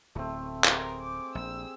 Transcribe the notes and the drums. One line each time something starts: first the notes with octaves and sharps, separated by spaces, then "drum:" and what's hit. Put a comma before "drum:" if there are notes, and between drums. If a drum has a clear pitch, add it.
D1 A3 C4
G4 G#4 A#4 C5, drum: clap
D6
A#1 E6